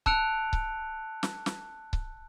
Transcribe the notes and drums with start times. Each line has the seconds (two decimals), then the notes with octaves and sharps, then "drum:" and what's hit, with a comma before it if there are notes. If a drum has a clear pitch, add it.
0.06 A5 E6 F#6 C#7 D7 F7, drum: kick C#1
0.53 drum: kick C#1
1.23 drum: snare
1.46 drum: snare
1.93 drum: kick C#1